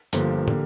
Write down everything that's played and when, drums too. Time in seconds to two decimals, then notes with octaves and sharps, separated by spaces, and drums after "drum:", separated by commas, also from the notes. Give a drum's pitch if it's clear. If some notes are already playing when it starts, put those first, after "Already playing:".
0.13 G1 G2 D3 F3 A#3, drum: hi-hat
0.48 D3 G3 A#3, drum: tom